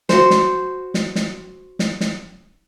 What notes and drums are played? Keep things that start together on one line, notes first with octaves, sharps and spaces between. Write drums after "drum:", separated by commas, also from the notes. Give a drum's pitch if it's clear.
F#4 C5, drum: snare
drum: snare
drum: snare
drum: snare
drum: snare
drum: snare